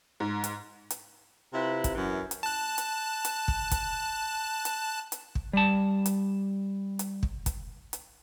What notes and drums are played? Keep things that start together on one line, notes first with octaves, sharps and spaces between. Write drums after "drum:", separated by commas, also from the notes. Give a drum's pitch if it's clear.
G#2
drum: hi-hat
drum: hi-hat
C3 C4 E4 F4 B4
drum: kick, hi-hat
F#2 E3
drum: hi-hat
A5 F#6
drum: hi-hat
drum: hi-hat
drum: kick
drum: kick, hi-hat
drum: hi-hat
drum: hi-hat
drum: kick
G3 A5
drum: hi-hat
drum: hi-hat
drum: kick
drum: kick, hi-hat
drum: hi-hat